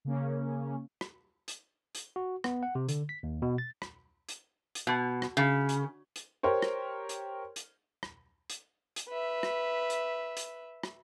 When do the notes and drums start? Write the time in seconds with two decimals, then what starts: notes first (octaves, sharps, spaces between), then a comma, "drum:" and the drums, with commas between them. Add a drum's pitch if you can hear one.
0.05 C#3 A#3 C#4
1.01 drum: rim click
1.48 drum: hi-hat
1.95 drum: hi-hat
2.16 F#4
2.44 B3, drum: rim click
2.63 F#5
2.75 C3
2.88 D3, drum: hi-hat
3.09 B6
3.23 D#2
3.42 B2
3.58 A6
3.82 drum: rim click
4.29 drum: hi-hat
4.75 drum: hi-hat
4.87 B2
5.22 drum: rim click
5.37 C#3
5.69 drum: hi-hat
6.16 drum: hi-hat
6.43 G4 A#4 C5 C#5
6.62 drum: rim click
7.09 drum: hi-hat
7.56 drum: hi-hat
8.03 drum: rim click
8.50 drum: hi-hat
8.96 drum: hi-hat
9.08 B4 E5
9.43 drum: rim click
9.90 drum: hi-hat
10.37 drum: hi-hat
10.83 drum: rim click